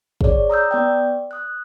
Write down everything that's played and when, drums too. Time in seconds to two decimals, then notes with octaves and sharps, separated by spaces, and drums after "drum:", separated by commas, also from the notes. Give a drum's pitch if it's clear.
0.21 G#4 C#5 D5, drum: kick
0.50 A#5 D#6 E6 G6
0.71 B3 D5 G5
1.31 D#6 F#6